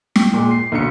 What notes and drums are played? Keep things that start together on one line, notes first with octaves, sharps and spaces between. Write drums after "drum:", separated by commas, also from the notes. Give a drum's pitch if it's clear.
G5, drum: snare
A#2 G#3
C7
B1 D3 C#7